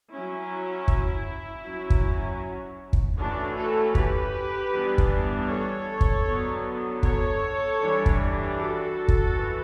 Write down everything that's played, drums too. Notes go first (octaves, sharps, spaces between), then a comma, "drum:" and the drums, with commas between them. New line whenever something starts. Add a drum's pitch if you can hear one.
F#3 C#4 E4
drum: kick
F#3 C#4
drum: kick
drum: kick
E3 A3 C#4 D4 F#4
F#4 A4
G4 B4, drum: kick
E3 G3 B3 D4
drum: kick
A4 C#5
drum: kick
D3 F#3 B3
A4 C#5, drum: kick
E3 G3 D4
drum: kick
F#4 A4
drum: kick
E3